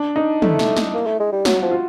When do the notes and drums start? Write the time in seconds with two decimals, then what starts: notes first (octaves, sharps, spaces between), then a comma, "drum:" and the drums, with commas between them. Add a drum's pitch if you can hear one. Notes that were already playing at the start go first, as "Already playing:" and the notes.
Already playing: D4
0.16 D#4
0.42 A3 E4, drum: tom
0.59 drum: snare
0.77 drum: snare
0.94 A#3
1.07 A3
1.20 G#3
1.32 G3
1.45 F#3 F#4, drum: snare
1.62 F3
1.71 F4